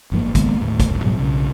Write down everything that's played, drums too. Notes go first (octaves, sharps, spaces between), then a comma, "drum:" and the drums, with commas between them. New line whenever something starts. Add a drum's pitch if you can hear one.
G1 G#2 F3 A#3
D#3 G#3 A#3 B3, drum: kick, hi-hat
D#2 A2
drum: kick, hi-hat
F#1 C2
G#2 B2 F#3 G3
B1 C#3